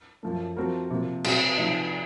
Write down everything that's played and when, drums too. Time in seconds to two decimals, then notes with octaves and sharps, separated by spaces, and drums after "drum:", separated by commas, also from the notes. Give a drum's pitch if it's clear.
0.23 F#2 F3 A3
0.57 F3 A3 C4 F#4 A#4
0.90 C3 F3 A#3
1.24 C3 F#3 C4, drum: cymbal
1.58 C3 F3 A3 D#4